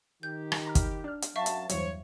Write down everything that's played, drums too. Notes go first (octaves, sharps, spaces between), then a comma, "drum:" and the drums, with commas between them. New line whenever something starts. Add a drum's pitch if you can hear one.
D#3 G4 G6
drum: rim click
A#5 B5 F6
drum: kick, hi-hat
D4 F6
drum: hi-hat
F#2 F#3 E5 F5 A5 C#6
drum: hi-hat
E2 G2 F#3 C5 C#5, drum: hi-hat